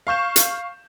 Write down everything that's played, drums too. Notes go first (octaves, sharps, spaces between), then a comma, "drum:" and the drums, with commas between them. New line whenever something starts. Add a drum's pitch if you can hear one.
F5 C#6 G6 E7
drum: hi-hat